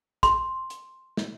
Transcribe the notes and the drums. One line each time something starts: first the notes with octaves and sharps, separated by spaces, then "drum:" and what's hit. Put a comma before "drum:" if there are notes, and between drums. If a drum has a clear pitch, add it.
C6, drum: kick, hi-hat
drum: hi-hat
drum: snare